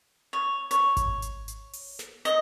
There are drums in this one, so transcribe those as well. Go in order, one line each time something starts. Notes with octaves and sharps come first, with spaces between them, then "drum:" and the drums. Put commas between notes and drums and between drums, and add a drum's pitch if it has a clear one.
C#5
C#5, drum: hi-hat
drum: kick G#1, hi-hat
drum: hi-hat
drum: hi-hat
drum: open hi-hat
drum: snare
D#5, drum: hi-hat